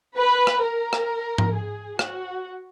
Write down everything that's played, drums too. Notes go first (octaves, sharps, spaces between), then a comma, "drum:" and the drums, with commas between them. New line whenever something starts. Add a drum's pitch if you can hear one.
B4
drum: rim click
A#4
drum: rim click
drum: tom
G#4
F#4, drum: rim click